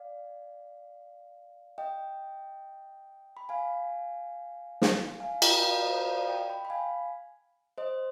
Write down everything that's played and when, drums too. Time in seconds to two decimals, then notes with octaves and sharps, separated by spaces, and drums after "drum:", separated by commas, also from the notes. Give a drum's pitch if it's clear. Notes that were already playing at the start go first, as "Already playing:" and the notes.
Already playing: D5 F5
1.78 D#5 G5
3.37 B5
3.49 F5 G#5
4.82 drum: snare
5.20 F5 G#5
5.42 D#5 G5, drum: cymbal
5.63 D5 F5
5.84 C5 D#5
6.06 D5 F5
6.28 D#5 G5
6.49 G5 B5
6.65 B5
6.70 F5 G#5
7.78 C5 D#5